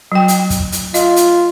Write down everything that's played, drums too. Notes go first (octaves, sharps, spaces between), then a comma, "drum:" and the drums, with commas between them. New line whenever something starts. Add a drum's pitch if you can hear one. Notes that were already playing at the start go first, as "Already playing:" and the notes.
F#3 G5
drum: hi-hat
drum: kick, hi-hat
drum: hi-hat
F4 D#5, drum: hi-hat
drum: hi-hat